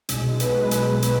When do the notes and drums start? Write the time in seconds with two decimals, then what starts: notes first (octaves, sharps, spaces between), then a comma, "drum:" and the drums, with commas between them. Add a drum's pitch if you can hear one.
0.09 B1 B2 G#3, drum: hi-hat
0.40 B1 B2 G#3 B4, drum: hi-hat
0.71 drum: hi-hat
1.02 drum: hi-hat